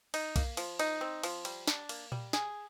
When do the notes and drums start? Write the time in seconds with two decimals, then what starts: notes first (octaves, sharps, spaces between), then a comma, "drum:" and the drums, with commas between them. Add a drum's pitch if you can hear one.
0.14 D#4, drum: cymbal
0.36 A#3, drum: kick B1, cymbal
0.57 F3, drum: cymbal
0.79 D#4, drum: cymbal
1.01 C4
1.23 F3, drum: cymbal
1.45 G3, drum: cymbal
1.68 D4, drum: snare
1.89 A#3, drum: cymbal
2.12 G3, drum: tom A#2
2.33 G#4, drum: snare